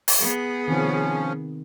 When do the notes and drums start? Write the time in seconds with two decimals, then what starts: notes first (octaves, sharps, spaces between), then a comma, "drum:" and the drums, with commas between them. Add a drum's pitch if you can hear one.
0.08 drum: open hi-hat
0.20 B3 G#4
0.68 C3 D#3 F3 C#4